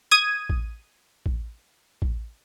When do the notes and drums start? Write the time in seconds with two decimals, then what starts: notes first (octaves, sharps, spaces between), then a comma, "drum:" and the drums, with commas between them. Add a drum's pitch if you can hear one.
0.11 D#6 G#6 D#7
0.50 drum: kick
1.26 drum: kick
2.02 drum: kick